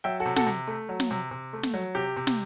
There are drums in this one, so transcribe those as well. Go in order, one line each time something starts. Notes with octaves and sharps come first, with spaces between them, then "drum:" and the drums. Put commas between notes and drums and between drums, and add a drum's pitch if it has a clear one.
F#3 E5 G5
F#4 A4
C3
F#4 A4, drum: snare
C3
A3
F#3
drum: snare
C3
C3
A3
drum: snare
F#3
C3 G4
C3
drum: snare